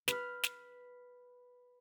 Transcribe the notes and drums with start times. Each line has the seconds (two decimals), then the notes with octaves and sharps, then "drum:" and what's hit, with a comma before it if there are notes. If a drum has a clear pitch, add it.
0.08 B4 F6, drum: snare
0.43 drum: snare